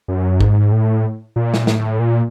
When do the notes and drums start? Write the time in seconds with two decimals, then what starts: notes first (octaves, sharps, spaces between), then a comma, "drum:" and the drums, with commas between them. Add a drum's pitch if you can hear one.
0.08 F#2
0.41 G#2, drum: kick
0.72 A2
1.36 A#2
1.54 drum: snare
1.67 A2, drum: snare
1.99 A#2